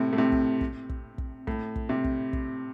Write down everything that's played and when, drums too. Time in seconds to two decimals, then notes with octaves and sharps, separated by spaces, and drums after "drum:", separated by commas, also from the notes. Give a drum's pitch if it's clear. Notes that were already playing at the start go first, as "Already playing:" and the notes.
Already playing: A2 C3
0.13 A2
0.18 C3
0.32 drum: kick
0.61 drum: kick
0.89 drum: kick
1.18 drum: kick
1.47 A2, drum: kick
1.76 drum: kick
1.89 C3
2.04 drum: kick
2.33 drum: kick